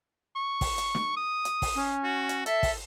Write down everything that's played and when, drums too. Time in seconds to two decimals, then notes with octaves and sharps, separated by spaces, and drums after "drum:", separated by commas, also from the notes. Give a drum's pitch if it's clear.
0.36 C#6
0.61 drum: kick, open hi-hat
0.78 drum: hi-hat
0.95 drum: snare
1.17 D#6
1.45 drum: hi-hat
1.62 drum: kick, open hi-hat
1.75 C#4
2.04 F#4
2.29 drum: hi-hat
2.46 A4 E5, drum: hi-hat
2.63 drum: kick, open hi-hat